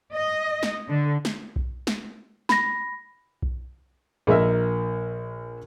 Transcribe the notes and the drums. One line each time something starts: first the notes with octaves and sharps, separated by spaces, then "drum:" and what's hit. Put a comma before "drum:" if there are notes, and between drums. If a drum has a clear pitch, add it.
D#5
drum: snare
D3
drum: snare
drum: kick B1
drum: snare
B5 A#6, drum: snare
drum: kick B1
A#1 A#4 D#5 E5